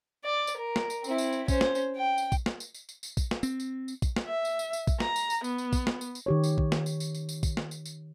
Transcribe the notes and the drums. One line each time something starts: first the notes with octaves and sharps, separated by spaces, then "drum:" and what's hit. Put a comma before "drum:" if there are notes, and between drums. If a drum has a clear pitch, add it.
D5
drum: tambourine
A#4
drum: snare
drum: tambourine
C4 E4, drum: tambourine
drum: tambourine
drum: tambourine
C#4 C5, drum: kick A#1, tambourine
drum: snare
drum: tambourine
G5
drum: tambourine
drum: kick A#1, tambourine
drum: snare
drum: tambourine
drum: tambourine
drum: tambourine
drum: tambourine
drum: kick A#1, tambourine
drum: snare
C4, drum: tambourine
drum: tambourine
drum: tambourine
drum: kick A#1, tambourine
drum: snare
E5
drum: tambourine
drum: tambourine
drum: tambourine
drum: kick A#1, tambourine
A#5, drum: snare
drum: tambourine
drum: tambourine
B3, drum: tambourine
drum: tambourine
drum: kick A#1, tambourine
drum: snare
drum: tambourine
drum: tambourine
D#3 G4 C#5
drum: tambourine
drum: kick A#1
drum: snare
drum: tambourine
drum: tambourine
drum: tambourine
drum: tambourine
drum: kick A#1, tambourine
drum: snare
drum: tambourine
drum: tambourine